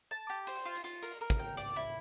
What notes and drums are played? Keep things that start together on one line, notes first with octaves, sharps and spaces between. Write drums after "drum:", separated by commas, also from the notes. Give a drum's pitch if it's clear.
A5
G4
C5, drum: hi-hat
F4
drum: hi-hat
F4
A#4, drum: hi-hat
A#4
drum: kick, hi-hat
G5
D5, drum: hi-hat
E4